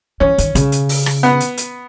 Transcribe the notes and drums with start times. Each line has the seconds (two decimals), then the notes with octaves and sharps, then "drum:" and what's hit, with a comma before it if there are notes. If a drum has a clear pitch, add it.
0.20 E3 C#4
0.38 D#3, drum: hi-hat
0.55 C#3, drum: hi-hat
0.72 drum: hi-hat
0.89 drum: open hi-hat
1.06 drum: rim click
1.23 B3
1.40 drum: hi-hat
1.57 drum: hi-hat